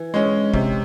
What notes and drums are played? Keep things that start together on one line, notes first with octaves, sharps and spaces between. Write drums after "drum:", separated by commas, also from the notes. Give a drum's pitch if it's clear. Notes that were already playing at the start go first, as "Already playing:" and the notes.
Already playing: E3
G#3 C#4
C3, drum: kick